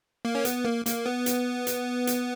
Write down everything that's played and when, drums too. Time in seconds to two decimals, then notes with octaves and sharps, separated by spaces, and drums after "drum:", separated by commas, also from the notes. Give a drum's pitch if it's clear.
0.25 A#3
0.35 C#4
0.45 B3, drum: hi-hat
0.65 A#3
0.86 A#3, drum: hi-hat
1.06 B3
1.26 drum: hi-hat
1.67 drum: hi-hat
2.07 drum: hi-hat